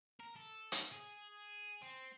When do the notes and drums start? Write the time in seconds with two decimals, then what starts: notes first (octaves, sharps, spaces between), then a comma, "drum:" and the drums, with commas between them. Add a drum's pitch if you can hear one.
0.20 A#4
0.36 A4
0.72 drum: hi-hat
0.93 G#4
1.82 C4